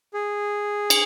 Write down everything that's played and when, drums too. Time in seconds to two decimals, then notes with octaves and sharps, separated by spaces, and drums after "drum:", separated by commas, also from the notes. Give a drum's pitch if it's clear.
0.14 G#4
0.90 drum: cymbal